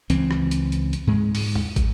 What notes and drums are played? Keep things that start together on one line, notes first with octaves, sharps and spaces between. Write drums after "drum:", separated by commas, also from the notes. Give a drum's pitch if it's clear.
C#2 E3 C4, drum: hi-hat
drum: rim click
drum: hi-hat
drum: hi-hat
drum: hi-hat
G#2 G#3
drum: open hi-hat
drum: tom E2
drum: kick, hi-hat